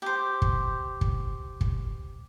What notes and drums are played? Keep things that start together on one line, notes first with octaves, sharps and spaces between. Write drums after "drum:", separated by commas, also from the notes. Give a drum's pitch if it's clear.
G4 C5
drum: kick
drum: kick
drum: kick